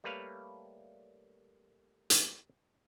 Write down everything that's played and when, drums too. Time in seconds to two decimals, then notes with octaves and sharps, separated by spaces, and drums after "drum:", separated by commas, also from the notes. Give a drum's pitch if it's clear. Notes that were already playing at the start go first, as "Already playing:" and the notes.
0.04 G3 A3 A#3 B4 C#5 F5
2.10 drum: hi-hat